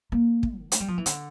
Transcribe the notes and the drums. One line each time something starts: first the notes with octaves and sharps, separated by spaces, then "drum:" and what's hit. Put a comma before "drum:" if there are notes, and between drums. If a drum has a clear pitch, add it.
A#3
drum: kick
D3
A3, drum: hi-hat
G3
F3
E3
D3, drum: hi-hat